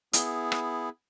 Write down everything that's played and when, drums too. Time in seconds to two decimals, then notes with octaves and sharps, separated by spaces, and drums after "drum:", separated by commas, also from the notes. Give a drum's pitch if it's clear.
0.13 B3 E4 G#4, drum: hi-hat
0.52 drum: rim click